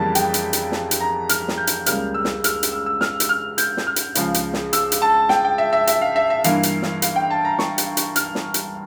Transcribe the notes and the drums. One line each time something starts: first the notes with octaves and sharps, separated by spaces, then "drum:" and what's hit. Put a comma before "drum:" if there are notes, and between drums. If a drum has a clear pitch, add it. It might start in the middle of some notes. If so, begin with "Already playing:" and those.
Already playing: F2 C#3 E3 G3 A#3 A5
G5, drum: hi-hat
drum: hi-hat
drum: hi-hat
drum: snare
drum: hi-hat
A#5
F6, drum: hi-hat
drum: snare
G6
drum: hi-hat
C#2 C#3 G3 A#3 F6, drum: hi-hat
E6
drum: snare
F6, drum: hi-hat
drum: hi-hat
E6
E6
F6, drum: snare
drum: hi-hat
F6
G6, drum: hi-hat
drum: snare
F6
drum: hi-hat
C#2 C#3 F3, drum: hi-hat
drum: hi-hat
drum: snare
E6, drum: hi-hat
drum: hi-hat
A5
G5, drum: snare
G5
E5
E5
E5, drum: hi-hat
F5
E5
E5
G2 E3 A#3 F5, drum: hi-hat
drum: hi-hat
drum: snare
F5, drum: hi-hat
G5
A5
A#5
C#6, drum: snare
drum: hi-hat
drum: hi-hat
F6, drum: hi-hat
drum: snare
drum: hi-hat